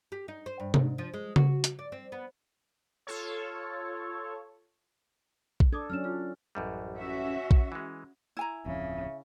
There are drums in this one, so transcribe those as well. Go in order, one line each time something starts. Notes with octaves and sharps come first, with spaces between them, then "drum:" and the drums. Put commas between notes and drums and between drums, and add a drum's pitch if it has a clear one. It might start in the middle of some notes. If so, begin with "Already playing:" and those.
G4
D#4
C5
G2
G#2, drum: tom C3
F3
G#3
F#4, drum: tom C#3
drum: hi-hat
D5
C4
B3
F4 A4 C#5
drum: kick A#1
D4 A4 D6 D#6 G#6
F#3 C#4 D4 F6 E7
F4 F6
A1 F#2 G3
C#4 F#4 E5
drum: kick A#1
E3 G#3
E4 G#5 A#5
D1 F2 C#3 E5